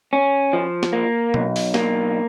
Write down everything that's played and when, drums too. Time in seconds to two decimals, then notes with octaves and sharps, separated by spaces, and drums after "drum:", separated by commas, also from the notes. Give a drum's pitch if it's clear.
0.13 C#4
0.53 F3
0.83 drum: snare
0.93 A#3
1.34 B1, drum: tom B2
1.56 drum: open hi-hat
1.74 A#3, drum: snare